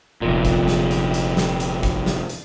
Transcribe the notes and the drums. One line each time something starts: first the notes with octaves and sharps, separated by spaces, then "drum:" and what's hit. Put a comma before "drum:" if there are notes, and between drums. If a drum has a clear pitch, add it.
F1 A#2
drum: kick, hi-hat
drum: snare
drum: hi-hat
drum: hi-hat
drum: snare
drum: hi-hat
drum: kick, hi-hat
drum: snare
drum: hi-hat